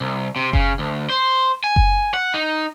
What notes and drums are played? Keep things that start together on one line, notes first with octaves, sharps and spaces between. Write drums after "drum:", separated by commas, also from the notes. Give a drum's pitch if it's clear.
C2
C3
C#3, drum: kick F#1
D2
C5
G#5
drum: kick F#1
F#5
D#4